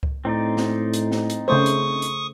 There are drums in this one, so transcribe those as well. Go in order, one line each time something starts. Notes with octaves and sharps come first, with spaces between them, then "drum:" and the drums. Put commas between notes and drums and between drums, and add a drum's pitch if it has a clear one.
drum: kick C#2
A2 C4 D#4 D5
drum: snare
drum: hi-hat
drum: snare
drum: hi-hat
C#3 A3 C5 C#6 D#6
drum: hi-hat
drum: hi-hat